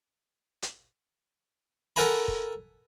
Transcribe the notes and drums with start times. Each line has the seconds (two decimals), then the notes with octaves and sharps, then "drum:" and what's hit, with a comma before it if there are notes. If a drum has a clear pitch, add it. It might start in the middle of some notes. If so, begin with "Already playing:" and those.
0.62 drum: hi-hat
1.96 A4 A#4 F#5 G#5 A#5 B5, drum: open hi-hat
2.28 drum: kick